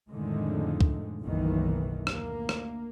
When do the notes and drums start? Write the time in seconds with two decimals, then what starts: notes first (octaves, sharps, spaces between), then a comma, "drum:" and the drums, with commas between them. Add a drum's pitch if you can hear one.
0.10 F2 A2 D3 D#3 G#3
0.81 drum: kick
1.23 F#1 B1 A2 D#3 E3
2.07 D2 A#3, drum: rim click
2.49 drum: rim click